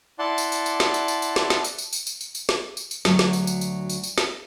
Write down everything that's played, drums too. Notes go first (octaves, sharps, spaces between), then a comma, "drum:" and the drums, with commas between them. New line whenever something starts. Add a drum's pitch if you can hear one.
E4 D5 F#5 A5 C6
drum: tambourine
drum: tambourine
drum: tambourine
drum: snare
drum: tambourine
drum: tambourine
drum: tambourine
drum: snare
drum: snare
drum: tambourine
drum: tambourine
drum: tambourine
drum: tambourine
drum: tambourine
drum: tambourine
drum: snare
drum: tambourine
drum: tambourine
D2 F#3, drum: snare
drum: snare
drum: tambourine
drum: tambourine
drum: tambourine
drum: tambourine
drum: tambourine
drum: snare